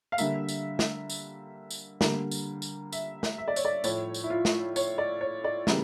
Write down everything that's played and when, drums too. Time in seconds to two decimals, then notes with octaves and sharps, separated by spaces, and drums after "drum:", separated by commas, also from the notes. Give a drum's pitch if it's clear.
0.12 F5
0.18 D3 G3 A#3 E5, drum: tambourine
0.49 drum: tambourine
0.79 drum: snare
1.09 drum: tambourine
1.70 drum: tambourine
2.01 D3 G3 A#3, drum: snare
2.31 drum: tambourine
2.62 drum: tambourine
2.92 E5, drum: tambourine
3.23 drum: snare
3.38 E5
3.48 D5
3.56 C#5, drum: tambourine
3.65 D5
3.84 A2 F3 A3 C#5, drum: tambourine
4.14 drum: tambourine
4.23 E4
4.30 F4
4.45 drum: snare
4.76 C#5, drum: tambourine
4.98 D5
5.21 C#5
5.44 D5
5.67 C#3 E3 G3 A#3, drum: snare